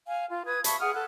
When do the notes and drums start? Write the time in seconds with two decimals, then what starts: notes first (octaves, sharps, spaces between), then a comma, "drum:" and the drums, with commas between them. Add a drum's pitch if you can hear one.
0.07 F5 G#5
0.29 F4
0.46 B4 D#6 G#6
0.64 E5 A5 B5 C#6, drum: hi-hat
0.80 G#4 F#5 D#6 F6
0.93 A4 F#6